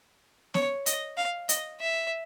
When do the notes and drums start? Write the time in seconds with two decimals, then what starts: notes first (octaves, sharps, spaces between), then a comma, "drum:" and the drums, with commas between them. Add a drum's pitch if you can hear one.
0.54 C#5, drum: snare B3
0.86 D#5, drum: hi-hat
1.17 F5
1.49 D#5, drum: hi-hat
1.80 E5